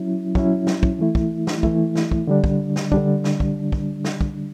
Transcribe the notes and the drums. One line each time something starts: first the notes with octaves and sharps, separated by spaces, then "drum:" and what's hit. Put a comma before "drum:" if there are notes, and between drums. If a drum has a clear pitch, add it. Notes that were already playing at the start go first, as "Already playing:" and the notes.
Already playing: F#3 C#4 E4
F#3 C#4 E4, drum: kick
drum: snare
drum: kick
E3 A3 E4
drum: kick
drum: snare
E3 A3 E4, drum: kick
drum: snare
drum: kick
D3 G3 D4
drum: kick
drum: snare
D3 G3 D4, drum: kick
drum: snare
drum: kick
drum: kick
drum: snare
drum: kick